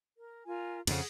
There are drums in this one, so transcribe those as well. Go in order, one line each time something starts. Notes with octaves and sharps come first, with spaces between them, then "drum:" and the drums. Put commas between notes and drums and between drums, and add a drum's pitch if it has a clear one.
A#4
F4 A#4 G#5
F2 C#3 G#4 F#5, drum: cymbal